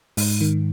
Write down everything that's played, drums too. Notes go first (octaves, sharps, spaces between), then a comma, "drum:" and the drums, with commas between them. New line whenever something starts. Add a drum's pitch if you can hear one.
G#2, drum: open hi-hat
D#3